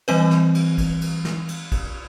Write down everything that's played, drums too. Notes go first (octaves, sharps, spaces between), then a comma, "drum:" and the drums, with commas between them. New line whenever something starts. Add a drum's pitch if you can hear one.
E3 G3 C4 B4, drum: cymbal
drum: snare
drum: cymbal
drum: kick A1, cymbal
drum: cymbal
drum: snare
drum: cymbal
drum: kick A1, cymbal